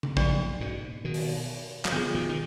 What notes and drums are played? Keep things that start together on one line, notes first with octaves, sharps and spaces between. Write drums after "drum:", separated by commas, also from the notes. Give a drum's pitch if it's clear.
drum: tom C#3
F#2 A#2 F3 A#3 D#4, drum: kick
G#2 B2
B2 D#3
drum: open hi-hat
F#3, drum: clap
D3 F3 B3 F4 G#4
B2 D#3
D#3